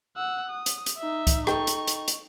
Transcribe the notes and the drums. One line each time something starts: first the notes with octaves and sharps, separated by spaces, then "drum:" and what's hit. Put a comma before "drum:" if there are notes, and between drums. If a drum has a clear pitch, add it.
F#5 E6
D#6
drum: hi-hat
drum: hi-hat
D#4 E5
drum: kick C#2, hi-hat
D#4 A4 G5 C#6, drum: rim click
drum: hi-hat
drum: hi-hat
drum: hi-hat